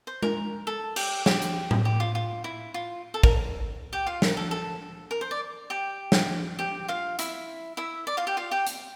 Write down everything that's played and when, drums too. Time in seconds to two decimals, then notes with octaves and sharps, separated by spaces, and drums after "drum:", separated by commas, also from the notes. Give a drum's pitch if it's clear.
0.07 C5
0.23 A#4, drum: tom G#3
0.67 A4
0.96 G4, drum: cymbal
1.26 G4, drum: snare
1.42 drum: hi-hat
1.71 drum: tom A2
1.85 G4
2.00 F4
2.15 F4
2.44 E4
2.74 F4
3.14 A4
3.23 A#4, drum: kick
3.93 G4 G5
4.07 F4 F5
4.22 A#4, drum: snare
4.37 A4
4.51 A4
5.11 A#4
5.21 C5
5.31 D5
5.70 G4 G5
6.12 drum: snare
6.59 G4 G5
6.88 F4 F5
7.19 E4 E5, drum: hi-hat
7.77 E4 E5
8.07 D5
8.17 F4 F5
8.27 G4 G5
8.37 F4 F5
8.51 G4 G5
8.67 drum: hi-hat